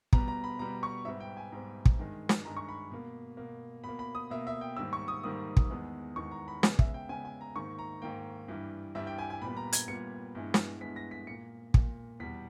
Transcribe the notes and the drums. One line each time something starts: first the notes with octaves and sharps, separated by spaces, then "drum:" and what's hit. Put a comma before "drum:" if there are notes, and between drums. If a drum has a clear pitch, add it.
B2 G3 B3 A#5, drum: kick
A#5
B5
B2 G3 B3 A#5
C#6
G#2 G3 B3 E5
G5
G#5
G#2 G3 B3
drum: kick
G2 D#3 G#3
drum: snare
G2 D#3 G#3 A#5
C#6
B5
B2 A#3
B2 A#3
B2 A#3 B5
B5
D#6
B2 A#3 E5
E5
G5
G#2 D#3 G3 A#3 E6
C#6
D#6
G#2 D#3 G3 A#3 D#6
drum: kick
E2 D#3 G#3 B3
E2 D#3 G#3 B3 C#6
A#5
B5
C#3 G#3 B3, drum: snare
E5, drum: kick
G5
C#3 G#3 B3 G#5
G#5
A#5
G#2 D#3 A#3 C#6
A#5
G#2 D#3 A#3 G5
G2 E3 G3
G2 E3 G3 E5
G5
G#5
G#5
A#2 G3 B3 B5
A#5
G#6, drum: hi-hat
A#2 G3 B3 C#7
G2 E3 G#3 B3
drum: snare
G2 E3 G#3 B3 B6
A#6
B6
A#2 A#3 C#7
A#2 A#3, drum: kick
E2 B2 G3 B6